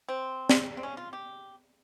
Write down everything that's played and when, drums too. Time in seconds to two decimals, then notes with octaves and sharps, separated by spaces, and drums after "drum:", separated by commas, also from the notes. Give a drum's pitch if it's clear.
0.08 C4
0.49 drum: snare
0.77 C4
0.83 C#4
0.97 F4
1.13 G4